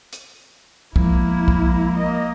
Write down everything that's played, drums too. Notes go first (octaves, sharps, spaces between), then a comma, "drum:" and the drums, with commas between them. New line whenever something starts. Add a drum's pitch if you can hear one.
drum: hi-hat
F3 G#3 A#3 E4, drum: kick
drum: kick
A#3 D#5